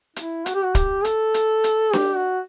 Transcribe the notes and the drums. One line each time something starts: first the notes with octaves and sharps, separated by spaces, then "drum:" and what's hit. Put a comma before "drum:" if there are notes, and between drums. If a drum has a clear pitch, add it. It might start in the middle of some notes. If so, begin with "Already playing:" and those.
E4, drum: hi-hat
F#4, drum: hi-hat
G4
F#4
G4, drum: kick, hi-hat
A4, drum: hi-hat
drum: hi-hat
drum: hi-hat
G4, drum: snare D4
F#4